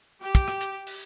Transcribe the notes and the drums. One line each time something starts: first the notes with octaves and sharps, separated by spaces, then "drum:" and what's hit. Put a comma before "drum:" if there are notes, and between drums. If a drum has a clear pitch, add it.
G4
drum: kick, hi-hat
drum: rim click
drum: hi-hat
drum: open hi-hat